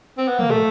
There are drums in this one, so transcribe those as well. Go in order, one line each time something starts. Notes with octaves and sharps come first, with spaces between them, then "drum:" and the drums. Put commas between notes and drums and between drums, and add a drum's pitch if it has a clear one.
C4
B3
A#3, drum: tom
A3